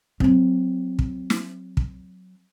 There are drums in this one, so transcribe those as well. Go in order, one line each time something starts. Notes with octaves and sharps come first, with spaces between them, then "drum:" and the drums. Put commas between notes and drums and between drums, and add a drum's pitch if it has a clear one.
F#3 C4, drum: kick
drum: kick
drum: snare
drum: kick